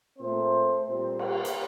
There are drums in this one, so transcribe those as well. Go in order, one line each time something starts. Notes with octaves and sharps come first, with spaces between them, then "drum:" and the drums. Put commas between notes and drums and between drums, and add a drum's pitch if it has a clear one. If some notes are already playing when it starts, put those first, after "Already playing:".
A#2 A3 C4 C5
A#2 G3 C4 C5
A#3 A#4, drum: cymbal
drum: hi-hat